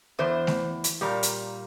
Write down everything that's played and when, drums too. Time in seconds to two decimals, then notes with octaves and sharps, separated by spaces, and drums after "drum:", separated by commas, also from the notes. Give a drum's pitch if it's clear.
0.19 E2 E3 C5
0.47 drum: snare A3
0.84 drum: hi-hat
1.01 A#2 G3 A#3
1.23 drum: hi-hat